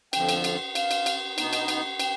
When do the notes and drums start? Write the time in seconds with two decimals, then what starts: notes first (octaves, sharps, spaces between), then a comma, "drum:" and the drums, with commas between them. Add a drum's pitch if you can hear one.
0.13 F2 D3 F3 G5, drum: cymbal
0.29 drum: cymbal
0.44 drum: cymbal
0.75 F5, drum: cymbal
0.91 drum: cymbal
1.06 drum: cymbal
1.38 B2 B3 D#4, drum: cymbal
1.53 drum: cymbal
1.68 drum: cymbal
2.00 G5, drum: cymbal